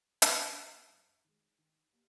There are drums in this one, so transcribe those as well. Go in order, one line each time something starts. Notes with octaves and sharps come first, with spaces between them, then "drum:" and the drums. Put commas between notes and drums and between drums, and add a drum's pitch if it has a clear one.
C2, drum: hi-hat
B2 G3
F#2
D#3 G#3
D#3
G3 A#3